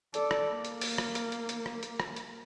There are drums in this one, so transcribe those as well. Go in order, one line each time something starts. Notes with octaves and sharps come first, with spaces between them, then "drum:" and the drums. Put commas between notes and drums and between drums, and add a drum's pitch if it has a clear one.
A4 D5, drum: hi-hat
drum: rim click
A#3
drum: hi-hat
drum: open hi-hat
drum: rim click
drum: hi-hat
drum: hi-hat
drum: hi-hat
drum: rim click
drum: hi-hat
drum: rim click
drum: hi-hat